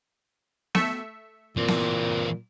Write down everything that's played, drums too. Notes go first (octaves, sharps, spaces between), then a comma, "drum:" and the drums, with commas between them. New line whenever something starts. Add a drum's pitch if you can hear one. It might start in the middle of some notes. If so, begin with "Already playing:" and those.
A3 E5 C#7, drum: snare B3
A#2 E3 C4
drum: snare B3